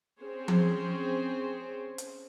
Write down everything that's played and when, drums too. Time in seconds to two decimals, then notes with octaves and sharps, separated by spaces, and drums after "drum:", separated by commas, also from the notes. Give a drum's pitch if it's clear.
0.19 C4 C#4 G#4 C5 C#5
0.48 drum: tom F3
1.98 drum: hi-hat